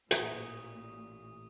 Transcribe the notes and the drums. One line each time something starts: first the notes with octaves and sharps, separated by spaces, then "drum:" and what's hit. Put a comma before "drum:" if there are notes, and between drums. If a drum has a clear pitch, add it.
A1 A#2 E5 C#6 D#6 A#6 C#7, drum: hi-hat